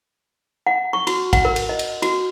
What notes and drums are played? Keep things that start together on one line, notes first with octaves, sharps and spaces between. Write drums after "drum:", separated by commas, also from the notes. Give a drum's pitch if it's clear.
F#5
C#6
F#4, drum: cymbal
F#5, drum: kick, cymbal
A#4
drum: cymbal
D#5
drum: cymbal
F#4, drum: cymbal